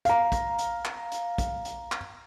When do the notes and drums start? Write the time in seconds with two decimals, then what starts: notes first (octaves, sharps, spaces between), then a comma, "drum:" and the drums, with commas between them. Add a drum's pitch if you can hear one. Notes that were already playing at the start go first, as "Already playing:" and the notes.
0.05 F5 A#5, drum: hi-hat
0.32 drum: kick, hi-hat
0.58 drum: hi-hat
0.85 drum: clap
1.12 drum: hi-hat
1.38 drum: kick, hi-hat
1.65 drum: hi-hat
1.92 drum: clap